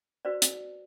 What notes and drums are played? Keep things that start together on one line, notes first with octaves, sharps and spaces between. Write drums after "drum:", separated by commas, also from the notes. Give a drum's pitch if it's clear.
F#4 B4 C5 D5
drum: hi-hat